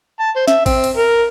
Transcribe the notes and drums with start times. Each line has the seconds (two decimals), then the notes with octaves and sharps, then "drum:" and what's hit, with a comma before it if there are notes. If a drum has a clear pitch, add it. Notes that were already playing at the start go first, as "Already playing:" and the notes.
0.20 A5
0.36 C5
0.48 E5, drum: snare
0.66 C4, drum: kick A1, cymbal
0.84 drum: cymbal
0.97 A#4